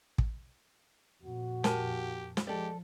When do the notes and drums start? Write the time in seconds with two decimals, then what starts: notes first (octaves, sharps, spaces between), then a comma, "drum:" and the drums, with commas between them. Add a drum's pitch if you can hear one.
0.18 drum: kick
1.23 F2 A#2 F#4
1.64 G4 A#4 G#5 A5, drum: snare
2.37 drum: snare
2.47 F3 G#3 G4 A4 D5